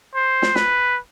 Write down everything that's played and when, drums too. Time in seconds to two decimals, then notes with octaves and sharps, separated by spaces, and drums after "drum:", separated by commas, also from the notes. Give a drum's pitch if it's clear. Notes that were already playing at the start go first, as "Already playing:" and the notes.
0.15 C5
0.42 drum: snare
0.55 B4, drum: snare